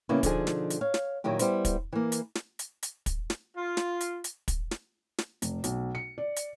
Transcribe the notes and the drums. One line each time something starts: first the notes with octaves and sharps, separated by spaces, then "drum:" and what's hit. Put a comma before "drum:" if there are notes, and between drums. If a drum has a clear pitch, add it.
C#3 G3 A#3 B3 C#4 E4
B2 D3 F3 D#4 G#4 G#5, drum: kick, hi-hat
drum: snare
drum: hi-hat
C#5 F5
drum: snare
A#2 D#3 F#3 E4 G4
G3 B3 E4 C5, drum: hi-hat
drum: kick, hi-hat
E3 A#3
drum: hi-hat
drum: snare
drum: hi-hat
drum: hi-hat
drum: kick, hi-hat
drum: snare
F4
drum: snare
drum: hi-hat
drum: hi-hat
drum: kick, hi-hat
drum: snare
drum: snare
F1, drum: hi-hat
B1, drum: hi-hat
C#7
D5
drum: hi-hat